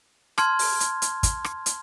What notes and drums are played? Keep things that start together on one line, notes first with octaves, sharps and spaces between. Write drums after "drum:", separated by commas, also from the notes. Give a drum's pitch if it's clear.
A5 C6 F6 G#6, drum: rim click
drum: open hi-hat
drum: hi-hat
drum: hi-hat
drum: kick, hi-hat
drum: rim click
drum: hi-hat